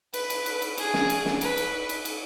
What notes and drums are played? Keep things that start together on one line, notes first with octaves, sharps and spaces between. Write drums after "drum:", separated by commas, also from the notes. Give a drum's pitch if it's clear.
B4, drum: cymbal
drum: cymbal
drum: cymbal
drum: cymbal
G#4, drum: cymbal
drum: snare
drum: cymbal
drum: snare
B4, drum: cymbal
drum: cymbal
drum: cymbal
drum: cymbal